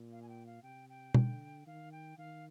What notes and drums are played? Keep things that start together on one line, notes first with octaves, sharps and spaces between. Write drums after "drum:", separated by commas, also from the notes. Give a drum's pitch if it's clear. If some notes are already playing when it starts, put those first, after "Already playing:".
Already playing: A#2
F5
G#5
G5
F5
C3 G5
G5
D3, drum: tom B2
D#3 F5
G5
D#3 F5